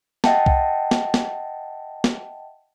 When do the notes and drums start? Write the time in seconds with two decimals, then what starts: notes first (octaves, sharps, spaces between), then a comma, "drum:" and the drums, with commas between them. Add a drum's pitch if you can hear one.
0.24 D#5 E5 F#5 G5 A5, drum: snare
0.46 drum: kick B1
0.91 drum: snare
1.14 drum: snare
2.04 drum: snare